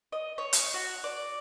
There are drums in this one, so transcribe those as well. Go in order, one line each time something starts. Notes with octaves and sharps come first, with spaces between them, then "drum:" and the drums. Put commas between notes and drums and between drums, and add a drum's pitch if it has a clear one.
D#5
C#5
drum: hi-hat
F#4
D5